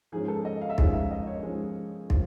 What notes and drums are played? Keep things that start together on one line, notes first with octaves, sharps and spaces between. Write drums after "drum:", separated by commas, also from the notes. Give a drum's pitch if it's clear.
G#2 F3 G#3 C#4 G#4
A4
D#5
F5
E5
G#2 F3 G#3 C#4 F5, drum: kick
E5
D#5
C#5
G#2 F3 G#3 C#4
F3, drum: kick